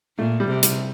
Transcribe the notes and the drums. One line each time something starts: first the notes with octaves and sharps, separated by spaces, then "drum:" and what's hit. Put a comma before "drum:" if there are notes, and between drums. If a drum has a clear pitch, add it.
A#2 A3
G3
C3
G3, drum: hi-hat